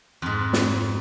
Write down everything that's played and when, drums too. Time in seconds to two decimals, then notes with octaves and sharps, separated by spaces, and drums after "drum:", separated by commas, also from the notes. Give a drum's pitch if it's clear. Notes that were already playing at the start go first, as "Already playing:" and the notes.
0.22 F2 G#2
0.53 drum: snare